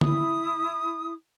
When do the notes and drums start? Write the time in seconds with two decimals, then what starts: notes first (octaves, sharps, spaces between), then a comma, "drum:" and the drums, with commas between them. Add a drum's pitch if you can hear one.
0.01 E4 D#6, drum: tom D3